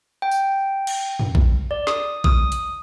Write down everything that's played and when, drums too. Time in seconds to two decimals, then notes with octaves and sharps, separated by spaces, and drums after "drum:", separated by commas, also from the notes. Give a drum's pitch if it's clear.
0.22 G5
0.31 drum: tambourine
0.87 drum: cymbal
1.20 drum: tom
1.35 drum: kick A#1
1.71 D5
1.87 D#6, drum: snare
2.24 D#6, drum: kick A#1
2.52 drum: hi-hat